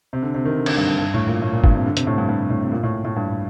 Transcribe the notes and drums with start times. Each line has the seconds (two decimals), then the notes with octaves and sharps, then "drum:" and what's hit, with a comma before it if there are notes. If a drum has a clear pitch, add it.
0.13 C3
0.23 D3
0.34 C3
0.45 D#3
0.56 D3
0.66 D3, drum: cymbal
0.77 G2
0.88 G2
0.98 G2
1.14 A2
1.28 A#2
1.42 A2
1.53 A#2
1.64 G2, drum: kick
1.75 C3
1.86 D3
1.97 C3, drum: hi-hat
2.07 A2
2.18 G2
2.29 G2
2.50 A2
2.63 C3
2.72 A#2
2.83 A2
3.04 A2
3.16 G2